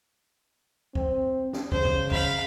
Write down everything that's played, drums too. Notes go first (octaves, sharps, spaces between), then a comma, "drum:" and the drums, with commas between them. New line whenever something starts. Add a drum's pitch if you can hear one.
C4, drum: kick
drum: snare
C#3 C5, drum: kick
drum: kick
F5 B5, drum: kick